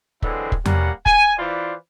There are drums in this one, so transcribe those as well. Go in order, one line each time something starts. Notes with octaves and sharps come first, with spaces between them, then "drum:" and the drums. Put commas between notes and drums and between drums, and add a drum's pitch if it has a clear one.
D3 E3 F#3 G#3 C4 E4, drum: kick
drum: kick
G3 A#3 B3 C#4 F#5, drum: tom E2
G#5, drum: kick
E3 F4 B4 C5 D5